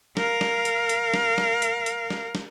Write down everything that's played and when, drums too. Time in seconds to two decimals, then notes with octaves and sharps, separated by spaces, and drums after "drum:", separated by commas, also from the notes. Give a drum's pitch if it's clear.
0.17 A#4 F5, drum: snare
0.41 drum: snare
0.65 drum: hi-hat
0.89 drum: hi-hat
1.14 drum: snare
1.38 drum: snare
1.62 drum: hi-hat
1.86 drum: hi-hat
2.10 drum: snare
2.35 drum: snare